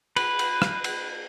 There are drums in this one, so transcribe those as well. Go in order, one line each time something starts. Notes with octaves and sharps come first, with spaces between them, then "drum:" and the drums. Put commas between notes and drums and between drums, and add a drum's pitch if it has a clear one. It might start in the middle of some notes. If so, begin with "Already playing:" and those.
B4, drum: cymbal
drum: cymbal
drum: rim click
drum: cymbal